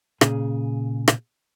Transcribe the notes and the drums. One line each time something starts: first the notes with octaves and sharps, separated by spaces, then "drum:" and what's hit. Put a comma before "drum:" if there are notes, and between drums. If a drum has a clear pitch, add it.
A#2 C#3 G#4, drum: rim click
drum: rim click